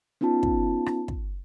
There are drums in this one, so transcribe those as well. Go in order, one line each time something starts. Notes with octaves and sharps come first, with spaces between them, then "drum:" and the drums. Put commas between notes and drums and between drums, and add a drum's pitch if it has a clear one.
B3 C#4 D#4 F4 A5
drum: kick
drum: rim click
drum: kick